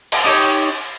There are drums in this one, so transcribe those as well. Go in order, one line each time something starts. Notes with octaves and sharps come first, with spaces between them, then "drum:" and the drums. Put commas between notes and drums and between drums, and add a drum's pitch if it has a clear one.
drum: cymbal
D#4 G4 C#5